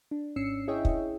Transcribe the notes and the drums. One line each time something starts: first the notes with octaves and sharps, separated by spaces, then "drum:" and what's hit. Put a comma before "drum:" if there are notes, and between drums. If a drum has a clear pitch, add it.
D4
G#1 C#4 E6 C7 C#7
E4 G#4 C#5 D#5 E5 G5
drum: kick